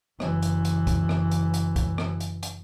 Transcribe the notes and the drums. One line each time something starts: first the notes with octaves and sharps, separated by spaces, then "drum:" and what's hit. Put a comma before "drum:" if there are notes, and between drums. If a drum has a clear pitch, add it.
F#1 E3, drum: rim click
drum: hi-hat
drum: hi-hat
drum: kick, hi-hat
drum: rim click
drum: hi-hat
drum: hi-hat
drum: kick, hi-hat
drum: rim click
drum: hi-hat
drum: hi-hat